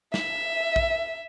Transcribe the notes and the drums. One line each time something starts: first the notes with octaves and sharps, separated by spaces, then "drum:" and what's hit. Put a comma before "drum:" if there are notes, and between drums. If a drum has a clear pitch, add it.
E5, drum: snare
drum: kick A#1